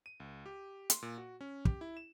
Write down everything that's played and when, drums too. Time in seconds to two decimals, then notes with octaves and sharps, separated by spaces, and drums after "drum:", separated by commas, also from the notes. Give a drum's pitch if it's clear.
0.06 D#7
0.20 C#2
0.46 G4
0.90 C6, drum: hi-hat
1.02 A#2
1.18 F#4
1.41 C#4
1.65 G4, drum: kick
1.81 E4
1.97 E7